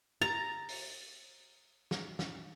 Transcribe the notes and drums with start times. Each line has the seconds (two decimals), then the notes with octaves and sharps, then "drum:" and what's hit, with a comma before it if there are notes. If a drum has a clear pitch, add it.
0.22 A#5 A6
0.69 drum: open hi-hat
1.91 drum: snare
2.19 drum: snare